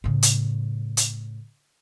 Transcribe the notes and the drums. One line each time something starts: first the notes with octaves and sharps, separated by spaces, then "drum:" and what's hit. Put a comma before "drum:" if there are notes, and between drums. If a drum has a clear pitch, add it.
A2 C#3
drum: hi-hat
drum: hi-hat